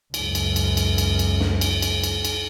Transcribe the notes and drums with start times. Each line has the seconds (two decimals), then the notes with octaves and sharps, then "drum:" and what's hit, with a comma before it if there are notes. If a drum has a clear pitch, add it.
0.14 C#2 F#2, drum: cymbal
0.35 drum: cymbal
0.56 drum: cymbal
0.77 drum: cymbal
0.98 drum: cymbal
1.19 drum: cymbal
1.40 drum: snare
1.61 drum: cymbal
1.82 drum: cymbal
2.03 drum: cymbal
2.25 drum: cymbal